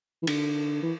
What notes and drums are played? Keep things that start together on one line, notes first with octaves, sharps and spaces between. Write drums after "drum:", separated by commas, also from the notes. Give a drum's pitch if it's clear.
E3
D3, drum: cymbal
E3